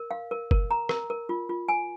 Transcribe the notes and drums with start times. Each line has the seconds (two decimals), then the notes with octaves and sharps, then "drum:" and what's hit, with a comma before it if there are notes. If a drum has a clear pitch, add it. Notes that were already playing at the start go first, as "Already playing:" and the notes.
Already playing: A#4
0.11 F5
0.31 A#4
0.51 A#4, drum: kick F#1
0.71 A#5
0.89 A#4, drum: rim click
1.10 A#4
1.29 F4
1.49 F4
1.68 G#5